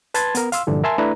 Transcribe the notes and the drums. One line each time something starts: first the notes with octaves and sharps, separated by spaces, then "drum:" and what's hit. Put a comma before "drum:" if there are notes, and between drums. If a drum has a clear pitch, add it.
B4 A5 C6 G#6 A6, drum: hi-hat
B3 A#4, drum: hi-hat
F5 C6 E6, drum: hi-hat
G2 A#2 D3 E3 F3
A#4 E5 G#5 A5 C6
A3 D4 E4 B4 A#5